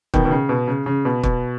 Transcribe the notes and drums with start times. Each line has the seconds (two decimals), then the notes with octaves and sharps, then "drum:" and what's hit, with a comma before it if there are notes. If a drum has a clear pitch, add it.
0.14 B2 D#3, drum: kick
0.25 B2
0.31 C#3
0.49 B2
0.68 C#3
0.86 C#3
1.05 B2
1.24 B2, drum: kick